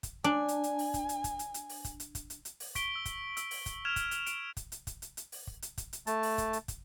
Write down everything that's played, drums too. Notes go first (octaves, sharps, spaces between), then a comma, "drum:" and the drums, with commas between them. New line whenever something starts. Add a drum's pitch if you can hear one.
drum: kick, hi-hat
D4 G#5
drum: hi-hat
drum: hi-hat
drum: open hi-hat
drum: kick, hi-hat
drum: hi-hat
drum: kick, hi-hat
drum: hi-hat
drum: hi-hat
drum: open hi-hat
drum: kick, hi-hat
drum: hi-hat
drum: kick, hi-hat
drum: hi-hat
drum: hi-hat
drum: open hi-hat
C#6 B6 D7 G7, drum: kick, hi-hat
E6
drum: kick, hi-hat
E6, drum: hi-hat
drum: open hi-hat
drum: kick, hi-hat
F6 G#6 E7 F7 G7
drum: kick, hi-hat
drum: hi-hat
D7, drum: hi-hat
drum: kick, hi-hat
drum: hi-hat
drum: kick, hi-hat
drum: hi-hat
drum: hi-hat
drum: open hi-hat
drum: kick
drum: hi-hat
drum: kick, hi-hat
drum: hi-hat
A3 A5, drum: hi-hat
drum: open hi-hat
drum: kick, hi-hat
drum: hi-hat
drum: kick, hi-hat